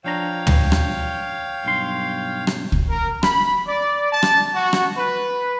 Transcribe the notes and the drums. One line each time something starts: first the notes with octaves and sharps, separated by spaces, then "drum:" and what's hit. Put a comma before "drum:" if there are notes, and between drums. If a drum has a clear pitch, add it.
F3 D4 C#5 F5 G5 A#5
drum: tom
drum: rim click
B1 G2 C6
drum: rim click
drum: kick
A#4
B5, drum: rim click
D5
A5
drum: rim click
F#4
drum: rim click
B4